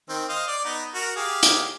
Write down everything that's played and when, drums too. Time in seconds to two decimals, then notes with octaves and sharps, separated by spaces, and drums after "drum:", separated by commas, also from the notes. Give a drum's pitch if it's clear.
0.09 D#3 C4
0.29 C5 D#5 F5
0.48 D5
0.65 B3 D#4
0.94 F#4 A#4
1.16 G4 G#4 F5
1.43 drum: hi-hat